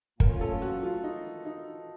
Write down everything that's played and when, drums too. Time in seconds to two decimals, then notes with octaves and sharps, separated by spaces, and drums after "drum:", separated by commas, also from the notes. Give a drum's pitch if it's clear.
0.20 A#2 F#3 A3 C#4 F4 A#4, drum: kick
0.41 A4
0.62 F#4
0.83 F4
1.04 D#4
1.45 D#4